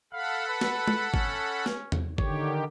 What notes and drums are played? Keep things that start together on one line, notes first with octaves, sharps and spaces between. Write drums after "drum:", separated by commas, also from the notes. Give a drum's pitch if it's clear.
A4 F5 F#5 B5
B4
drum: snare
drum: tom
C#4, drum: kick
drum: snare
drum: tom E2
D3 D#3 G4 C#5, drum: kick